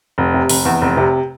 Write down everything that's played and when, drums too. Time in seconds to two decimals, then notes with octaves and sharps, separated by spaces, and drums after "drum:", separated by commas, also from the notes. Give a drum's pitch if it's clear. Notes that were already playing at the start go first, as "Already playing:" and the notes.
0.18 F1
0.34 C3
0.49 F1, drum: open hi-hat
0.65 E2
0.82 F1
0.97 C3